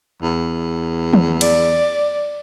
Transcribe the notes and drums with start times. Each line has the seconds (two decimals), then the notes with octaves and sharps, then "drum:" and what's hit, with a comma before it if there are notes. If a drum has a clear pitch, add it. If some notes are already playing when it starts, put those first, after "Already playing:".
0.22 E2
1.13 drum: tom
1.41 D5, drum: cymbal